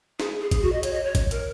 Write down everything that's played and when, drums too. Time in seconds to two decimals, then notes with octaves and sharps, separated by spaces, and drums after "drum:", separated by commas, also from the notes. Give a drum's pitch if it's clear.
0.20 G#4, drum: snare
0.41 G#4
0.51 G#4, drum: kick, hi-hat
0.62 F#4
0.72 D#5
0.83 C#5, drum: hi-hat
0.93 D#5
1.04 C#5
1.15 drum: kick, hi-hat
1.31 A#4, drum: hi-hat